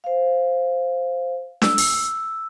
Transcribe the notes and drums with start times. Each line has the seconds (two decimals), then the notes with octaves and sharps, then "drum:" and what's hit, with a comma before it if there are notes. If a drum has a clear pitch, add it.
0.04 C5 F5
1.62 E6, drum: snare D4
1.78 drum: open hi-hat